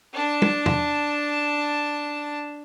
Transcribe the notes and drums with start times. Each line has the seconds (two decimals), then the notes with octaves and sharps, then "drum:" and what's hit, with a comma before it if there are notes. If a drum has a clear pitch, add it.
0.13 D4 A5
0.42 drum: tom
0.66 drum: tom